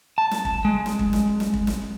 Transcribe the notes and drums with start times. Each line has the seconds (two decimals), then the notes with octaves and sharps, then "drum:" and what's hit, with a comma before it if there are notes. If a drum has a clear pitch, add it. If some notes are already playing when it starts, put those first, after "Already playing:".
0.18 A5
0.31 drum: snare
0.45 drum: kick
0.65 G#3
0.86 drum: snare
0.99 drum: kick
1.13 drum: snare
1.40 drum: snare
1.54 drum: kick
1.67 drum: snare